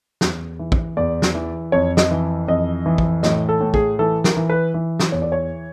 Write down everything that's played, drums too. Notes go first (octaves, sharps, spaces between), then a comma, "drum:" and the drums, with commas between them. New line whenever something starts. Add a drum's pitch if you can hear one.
E2, drum: snare
E3
drum: kick
E2 D5
drum: snare
E3
F2 C#5
D#5, drum: snare
E3
F2 D#5
E3
drum: kick
A2 D#5, drum: snare
A4
A2
G#4, drum: kick
E3 A4
A#4, drum: snare
E3
B4
E3
drum: snare
E2 C#5
D5
C#5